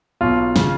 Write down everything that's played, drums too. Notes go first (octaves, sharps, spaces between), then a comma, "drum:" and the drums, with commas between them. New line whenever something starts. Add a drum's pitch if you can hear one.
B1 B2 F4
C#3, drum: snare